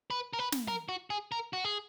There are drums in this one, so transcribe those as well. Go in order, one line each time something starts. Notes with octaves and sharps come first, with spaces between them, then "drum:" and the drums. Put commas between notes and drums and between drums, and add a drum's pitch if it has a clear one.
B4
A#4
B4
drum: snare
A#4
F#4
G#4
A#4
F#4
G#4